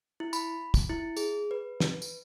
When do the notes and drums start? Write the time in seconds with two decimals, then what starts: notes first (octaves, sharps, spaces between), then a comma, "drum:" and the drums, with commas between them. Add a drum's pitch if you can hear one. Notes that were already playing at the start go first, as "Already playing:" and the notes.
0.20 E4
0.33 B5, drum: tambourine
0.74 drum: kick, tambourine
0.90 E4
1.17 G#4, drum: tambourine
1.51 B4
1.80 drum: snare
2.02 drum: tambourine